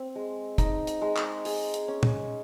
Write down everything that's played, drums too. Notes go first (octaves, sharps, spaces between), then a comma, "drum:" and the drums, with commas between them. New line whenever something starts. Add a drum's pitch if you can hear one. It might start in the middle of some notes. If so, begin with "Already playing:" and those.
Already playing: C4
G#3
D#4, drum: kick, hi-hat
drum: hi-hat
G#3
drum: clap
G#4, drum: open hi-hat
drum: hi-hat
C#4
drum: tom